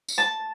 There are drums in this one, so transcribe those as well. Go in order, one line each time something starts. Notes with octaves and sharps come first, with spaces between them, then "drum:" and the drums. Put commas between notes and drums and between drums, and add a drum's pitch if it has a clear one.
drum: tambourine
A5